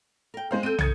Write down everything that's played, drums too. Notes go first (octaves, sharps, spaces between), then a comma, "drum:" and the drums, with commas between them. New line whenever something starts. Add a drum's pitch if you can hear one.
A#4 G5
G3 G#3 C5 F5
C4 A4 G6 D#7
C#4 A#4 D#6 G#6 C#7, drum: tom